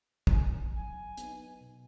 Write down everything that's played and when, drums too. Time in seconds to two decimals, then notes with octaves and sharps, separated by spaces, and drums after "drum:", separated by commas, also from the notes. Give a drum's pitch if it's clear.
0.27 A#5, drum: kick
0.32 B3 D#4 G#5
0.76 F#3 G#5
1.17 B3, drum: hi-hat
1.22 D#4
1.61 B2